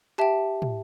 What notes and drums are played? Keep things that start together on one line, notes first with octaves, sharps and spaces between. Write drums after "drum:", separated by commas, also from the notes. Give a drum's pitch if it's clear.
G4 E5 G5 A5
drum: tom